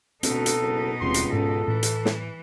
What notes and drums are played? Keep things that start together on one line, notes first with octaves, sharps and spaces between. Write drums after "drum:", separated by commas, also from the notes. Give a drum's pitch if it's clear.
D2 B2 C4 D#4 A4, drum: hi-hat
drum: hi-hat
F#1
D#1 C#2 G2 G3 C4 C6
drum: hi-hat
G#2 C#4 A4
A2 E3
drum: hi-hat
drum: snare